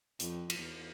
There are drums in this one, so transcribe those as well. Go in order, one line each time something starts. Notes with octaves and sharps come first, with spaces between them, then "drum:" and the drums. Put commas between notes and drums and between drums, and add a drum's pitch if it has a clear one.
F2, drum: hi-hat
drum: cymbal
E2